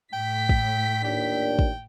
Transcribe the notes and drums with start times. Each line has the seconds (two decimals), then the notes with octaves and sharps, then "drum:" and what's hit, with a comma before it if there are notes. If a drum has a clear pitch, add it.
0.13 A2 G5 B6
0.49 drum: kick
1.04 D#2 A#2 D4 G5
1.59 drum: kick